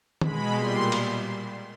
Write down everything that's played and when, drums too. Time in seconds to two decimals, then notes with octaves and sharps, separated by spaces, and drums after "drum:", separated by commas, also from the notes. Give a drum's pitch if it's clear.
0.21 B2 G#3 B5, drum: tom
0.55 A#2 G3 C6
0.92 drum: cymbal